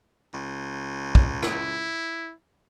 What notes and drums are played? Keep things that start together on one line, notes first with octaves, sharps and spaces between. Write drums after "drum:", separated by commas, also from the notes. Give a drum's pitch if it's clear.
C#2
drum: kick
E4, drum: rim click